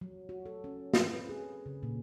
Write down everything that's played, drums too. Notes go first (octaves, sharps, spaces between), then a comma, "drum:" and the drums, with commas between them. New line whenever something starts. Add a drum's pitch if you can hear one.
F#3
F#4
A4
C#4
C4, drum: snare
B4
G#4
C#3
A#2